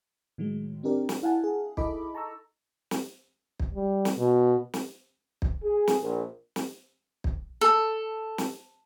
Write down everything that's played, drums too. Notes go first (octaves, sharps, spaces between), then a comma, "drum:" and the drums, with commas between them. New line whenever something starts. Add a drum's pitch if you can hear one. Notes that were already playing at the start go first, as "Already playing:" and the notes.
A2 D#3 F#3 G#3
C4 D4 D#4 G4 A#4 D5
drum: snare
E4 F5 F#5 G#5 A5
G#4
D#4 E4 A4 D#5 B5 D6, drum: kick
A5 A#5 C#6 E6
drum: snare
drum: kick
G3
drum: snare
B2
drum: snare
drum: kick
G#4
drum: snare
A#1
drum: snare
drum: kick
A4
drum: snare